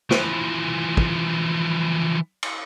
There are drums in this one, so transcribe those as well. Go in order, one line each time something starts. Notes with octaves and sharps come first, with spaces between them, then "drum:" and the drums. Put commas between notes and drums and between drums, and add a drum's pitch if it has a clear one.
E3 F3, drum: snare
drum: kick
drum: cymbal